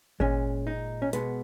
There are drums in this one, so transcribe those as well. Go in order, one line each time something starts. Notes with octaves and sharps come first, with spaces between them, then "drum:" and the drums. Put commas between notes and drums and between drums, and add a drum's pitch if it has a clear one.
A#2 G#3 C#4, drum: kick G#1
D#4
C#4
B2 G#3 B3, drum: hi-hat